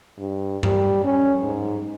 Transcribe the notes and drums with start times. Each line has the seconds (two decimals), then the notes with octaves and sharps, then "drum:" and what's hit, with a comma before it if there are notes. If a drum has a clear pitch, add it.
0.18 G2
0.63 G3, drum: tom G2
1.04 C#4
1.43 G#2